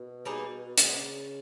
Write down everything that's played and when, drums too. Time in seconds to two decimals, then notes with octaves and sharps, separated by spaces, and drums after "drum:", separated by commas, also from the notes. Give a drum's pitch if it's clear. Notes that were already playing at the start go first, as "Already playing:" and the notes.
Already playing: B2
0.25 G3 A#3 D#4 G#4
0.78 A#2 C#3 G#3 B3, drum: hi-hat